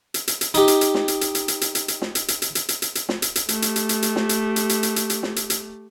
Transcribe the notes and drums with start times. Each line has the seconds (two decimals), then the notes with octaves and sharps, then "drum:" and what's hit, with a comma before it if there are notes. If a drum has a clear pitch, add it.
0.14 drum: hi-hat
0.28 drum: hi-hat
0.41 drum: hi-hat
0.54 D#4 G4, drum: hi-hat
0.68 drum: hi-hat
0.81 drum: hi-hat
0.94 drum: snare
1.08 drum: hi-hat
1.21 drum: hi-hat
1.35 drum: hi-hat
1.48 drum: hi-hat
1.61 drum: hi-hat
1.75 drum: hi-hat
1.88 drum: hi-hat
2.02 drum: snare
2.15 drum: hi-hat
2.28 drum: hi-hat
2.42 drum: hi-hat
2.55 drum: hi-hat
2.69 drum: hi-hat
2.82 drum: hi-hat
2.95 drum: hi-hat
3.09 drum: snare
3.22 drum: hi-hat
3.36 drum: hi-hat
3.49 A3 G4, drum: hi-hat
3.62 drum: hi-hat
3.76 drum: hi-hat
3.89 drum: hi-hat
4.02 drum: hi-hat
4.16 drum: snare
4.29 drum: hi-hat
4.56 drum: hi-hat
4.69 drum: hi-hat
4.83 drum: hi-hat
4.96 drum: hi-hat
5.10 drum: hi-hat
5.23 drum: snare
5.36 drum: hi-hat
5.50 drum: hi-hat